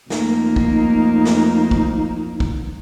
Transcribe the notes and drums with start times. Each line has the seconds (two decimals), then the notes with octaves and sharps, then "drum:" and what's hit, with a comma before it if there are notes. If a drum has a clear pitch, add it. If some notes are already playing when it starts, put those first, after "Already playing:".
0.10 F2 A3 A#3 D#4, drum: snare
0.56 drum: kick
1.25 drum: snare
1.71 drum: kick
2.40 drum: kick